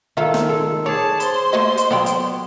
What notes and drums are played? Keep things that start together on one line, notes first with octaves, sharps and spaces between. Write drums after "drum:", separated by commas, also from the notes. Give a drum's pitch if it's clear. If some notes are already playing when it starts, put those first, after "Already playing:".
D#3 E3 F4 A4 E5
drum: snare
G#3 A4
G#4 C#5 D5 A5
C5 C6, drum: hi-hat
A3 A#3 B4 D#5
drum: hi-hat
F#3 B3 A4 D5 G5
drum: hi-hat